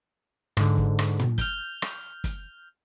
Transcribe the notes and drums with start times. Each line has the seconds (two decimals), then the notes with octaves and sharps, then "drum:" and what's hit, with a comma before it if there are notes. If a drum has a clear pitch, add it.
0.57 G#2 D3, drum: rim click
0.78 drum: kick
0.99 drum: rim click
1.20 drum: tom
1.38 F6 G6, drum: kick, hi-hat
1.82 drum: rim click
2.24 drum: kick, hi-hat